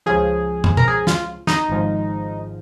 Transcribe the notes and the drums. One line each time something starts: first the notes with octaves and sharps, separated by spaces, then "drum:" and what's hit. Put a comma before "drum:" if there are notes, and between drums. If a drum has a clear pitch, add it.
C#2 C#3 F3 G#4
drum: tom
A#4, drum: tom B2
G#4
F4, drum: snare
D#4, drum: snare
G#1 G#2 F3